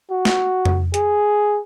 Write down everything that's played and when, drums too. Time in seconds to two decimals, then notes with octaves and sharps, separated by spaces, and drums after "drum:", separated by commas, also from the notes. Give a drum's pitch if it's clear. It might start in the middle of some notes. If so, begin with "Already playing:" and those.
0.11 F#4
0.25 drum: snare
0.65 drum: tom F2
0.94 G#4, drum: hi-hat